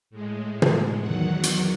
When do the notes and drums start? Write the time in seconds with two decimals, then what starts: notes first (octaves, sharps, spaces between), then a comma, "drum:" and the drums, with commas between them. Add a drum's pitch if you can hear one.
0.10 A2 G#3
0.62 drum: tom
1.00 E2 D#3 F#3 F#5
1.43 F#5, drum: hi-hat